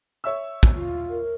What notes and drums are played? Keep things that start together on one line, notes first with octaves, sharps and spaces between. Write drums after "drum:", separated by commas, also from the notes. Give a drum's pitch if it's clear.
C#5 E5 E6
drum: kick
F4
A#4